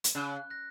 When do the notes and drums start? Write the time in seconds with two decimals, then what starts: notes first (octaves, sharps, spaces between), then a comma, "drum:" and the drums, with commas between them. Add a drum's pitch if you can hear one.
0.04 drum: hi-hat
0.15 C#3 F#6
0.50 F#6 A#6